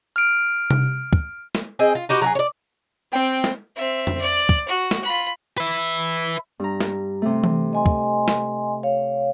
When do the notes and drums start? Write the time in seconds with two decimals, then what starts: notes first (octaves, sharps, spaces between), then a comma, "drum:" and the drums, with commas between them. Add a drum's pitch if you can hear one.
0.16 F6 D7
0.71 drum: tom C3
1.13 drum: kick
1.55 drum: snare
1.79 C4 G#4 D#5
1.95 F4
2.09 D#4 F#4 G4 B4
2.22 F#3 F#4 G#4
2.35 C#5 D5
3.13 C4 G5
3.44 drum: snare
3.76 C4 E5
4.07 drum: tom F2
4.21 D5
4.49 drum: kick
4.68 F#4
4.91 drum: snare
5.04 F4 B5
5.58 B4 E5
6.59 G2 A#5
6.81 drum: snare
7.22 C3 A3
7.44 drum: tom E3
7.73 D#5 G#5 C6
7.86 drum: kick
8.28 drum: snare
8.83 C#5 F5